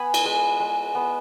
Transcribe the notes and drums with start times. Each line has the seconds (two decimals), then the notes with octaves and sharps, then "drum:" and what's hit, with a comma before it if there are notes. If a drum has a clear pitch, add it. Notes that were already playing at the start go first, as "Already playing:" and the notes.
Already playing: B3 G#5 B5
0.14 drum: cymbal
0.25 G#3
0.60 G#3
0.95 B3